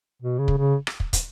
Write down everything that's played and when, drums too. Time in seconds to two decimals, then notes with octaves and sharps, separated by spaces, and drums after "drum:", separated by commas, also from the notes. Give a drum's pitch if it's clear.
0.22 B2
0.39 C#3
0.48 drum: kick
0.57 C#3
0.87 drum: rim click
1.00 drum: kick
1.13 drum: kick, hi-hat